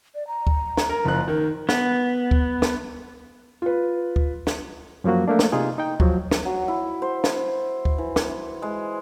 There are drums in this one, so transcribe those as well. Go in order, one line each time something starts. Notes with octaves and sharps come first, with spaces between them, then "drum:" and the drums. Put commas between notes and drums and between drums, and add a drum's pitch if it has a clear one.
D5
A#5
drum: kick D2
drum: snare
A#4
F#1 F3 F#6
D#3 A#4
B3, drum: snare
drum: kick D2
drum: snare
F4 B4
drum: kick D2
drum: snare
F#2 F3 F#3 A#3 F#4
A3 A#3 D4
drum: snare
C3 D#4 F4 G#4
D#4 G5
F3 F#3, drum: kick D2
drum: snare
F#3
E4
C5
drum: snare
drum: kick D2
E3
drum: snare
G#3